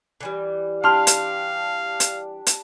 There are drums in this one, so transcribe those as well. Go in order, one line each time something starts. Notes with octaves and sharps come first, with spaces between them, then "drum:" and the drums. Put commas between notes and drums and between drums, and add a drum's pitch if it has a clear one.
D3 E3 G3
D4 G4 F5 C6 F6
drum: hi-hat
drum: hi-hat
drum: hi-hat